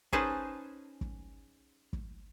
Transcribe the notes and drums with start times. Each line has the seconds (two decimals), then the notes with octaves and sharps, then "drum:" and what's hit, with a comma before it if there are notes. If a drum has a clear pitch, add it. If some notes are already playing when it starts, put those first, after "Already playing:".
0.13 C#4 D#4 G#4 B4 C5 A5, drum: kick
1.01 drum: kick
1.93 drum: kick